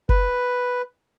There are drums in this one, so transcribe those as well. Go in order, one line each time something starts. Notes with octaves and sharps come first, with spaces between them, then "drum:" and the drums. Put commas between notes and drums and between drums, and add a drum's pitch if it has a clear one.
B4, drum: kick F#1